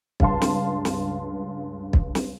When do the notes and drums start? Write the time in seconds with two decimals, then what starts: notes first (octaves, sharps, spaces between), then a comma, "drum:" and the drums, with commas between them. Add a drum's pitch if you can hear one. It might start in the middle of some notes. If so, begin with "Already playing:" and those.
0.20 C#2 G2 F5 A5 C6, drum: kick
0.42 drum: snare
0.85 drum: snare
1.93 drum: kick
2.15 drum: snare